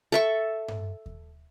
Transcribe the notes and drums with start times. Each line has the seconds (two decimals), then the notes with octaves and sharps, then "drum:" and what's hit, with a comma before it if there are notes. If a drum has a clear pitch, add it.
0.12 A4 E5 C#6
0.68 drum: tom G2
1.06 drum: kick D#2